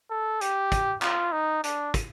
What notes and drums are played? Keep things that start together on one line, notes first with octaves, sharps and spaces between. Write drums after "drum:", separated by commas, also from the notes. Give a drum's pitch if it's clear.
A4
G4, drum: hi-hat
drum: kick, hi-hat
F4, drum: clap
D#4
D4, drum: hi-hat
drum: kick, hi-hat